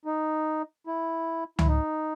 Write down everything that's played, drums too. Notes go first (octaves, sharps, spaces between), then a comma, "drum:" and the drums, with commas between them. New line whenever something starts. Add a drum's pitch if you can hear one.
D#4
E4
E4, drum: tom C#2
D#4